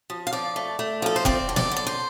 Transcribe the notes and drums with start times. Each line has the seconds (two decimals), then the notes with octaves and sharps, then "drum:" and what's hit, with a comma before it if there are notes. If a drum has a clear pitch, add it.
0.10 F3
0.27 F5
0.33 F3 D5
0.56 A3
0.79 A3
1.02 F3 A4
1.16 C5
1.25 C4 D5, drum: kick F1
1.49 D3
1.56 D5, drum: snare
1.71 D3
1.76 D5
1.87 C5